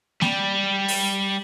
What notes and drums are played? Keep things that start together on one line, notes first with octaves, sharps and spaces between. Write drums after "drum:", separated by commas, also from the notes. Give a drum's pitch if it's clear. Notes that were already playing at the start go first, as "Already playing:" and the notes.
G3, drum: snare A#3
drum: open hi-hat